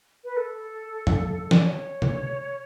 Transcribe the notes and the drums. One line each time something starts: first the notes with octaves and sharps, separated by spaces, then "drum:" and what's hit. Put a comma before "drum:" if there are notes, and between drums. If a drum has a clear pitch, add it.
B4
A4
drum: tom
D5, drum: snare
C#5
drum: tom C3